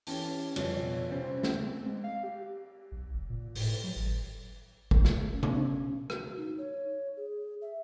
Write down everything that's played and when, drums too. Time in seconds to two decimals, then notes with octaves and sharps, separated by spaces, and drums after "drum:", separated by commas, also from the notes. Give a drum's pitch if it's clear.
0.07 E3 C#4 G4 A5, drum: open hi-hat
0.56 F2 C#3 G3 C#5, drum: cymbal
0.81 B2
1.11 C3 G3 C#4 C5
1.43 drum: snare
1.66 C4
1.86 G#3
2.04 F5
2.23 G4
2.92 B1
3.13 F#1
3.30 A#2
3.55 A2, drum: open hi-hat
3.84 F#3
3.96 G#1
4.91 drum: kick
5.05 drum: snare
5.32 C#4
5.43 drum: tom C3
6.10 F#4, drum: rim click
6.37 D#4
6.58 C#5
7.17 G#4
7.62 E5